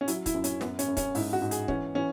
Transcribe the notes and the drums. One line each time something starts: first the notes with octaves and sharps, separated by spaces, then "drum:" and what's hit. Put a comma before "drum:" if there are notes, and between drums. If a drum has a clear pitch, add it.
C#4
F#3 E4, drum: hi-hat
E4, drum: kick, hi-hat
F#2
C#4, drum: hi-hat
F#2 B3, drum: snare
C#4, drum: hi-hat
F#2
C#4, drum: kick, hi-hat
G#2 E4, drum: open hi-hat
F#4
G#2
G#4, drum: hi-hat
E3 C#4, drum: kick
E3 C#4